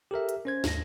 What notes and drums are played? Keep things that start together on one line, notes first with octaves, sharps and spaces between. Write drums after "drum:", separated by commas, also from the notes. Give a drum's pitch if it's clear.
G4 A4 A#4 E5
drum: hi-hat
C#4 C5 G#6
D#2 G#2 A#6, drum: snare